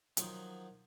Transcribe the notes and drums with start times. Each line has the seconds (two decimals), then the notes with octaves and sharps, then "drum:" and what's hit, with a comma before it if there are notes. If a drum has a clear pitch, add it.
0.17 D#3 F3 F#3, drum: hi-hat